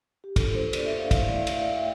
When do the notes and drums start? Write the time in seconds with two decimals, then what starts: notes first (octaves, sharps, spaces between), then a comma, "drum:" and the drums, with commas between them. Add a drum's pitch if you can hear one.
0.24 G4
0.36 A#3 D4 F4 A4, drum: kick, cymbal
0.55 C5
0.73 D5, drum: cymbal
0.86 E5
0.99 F5
1.11 A3 E4 F5, drum: kick, cymbal
1.23 D5
1.35 E5
1.47 F5, drum: cymbal
1.58 E5
1.76 G5